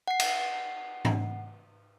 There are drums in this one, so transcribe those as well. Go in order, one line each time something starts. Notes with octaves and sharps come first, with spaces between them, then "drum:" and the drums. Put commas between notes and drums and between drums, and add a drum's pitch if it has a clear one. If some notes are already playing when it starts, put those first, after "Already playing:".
F#5 C7
drum: cymbal
drum: tom G#2